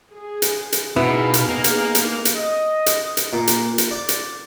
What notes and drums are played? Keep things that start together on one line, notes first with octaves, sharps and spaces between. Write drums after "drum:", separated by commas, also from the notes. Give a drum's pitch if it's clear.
G#4
drum: hi-hat
drum: hi-hat
B2 B3 D#4 E4 G#4 F5
drum: hi-hat
A#3 A#4
drum: hi-hat
drum: hi-hat
drum: hi-hat
D#5
drum: hi-hat
drum: hi-hat
A#2
drum: hi-hat
drum: hi-hat
D5
drum: hi-hat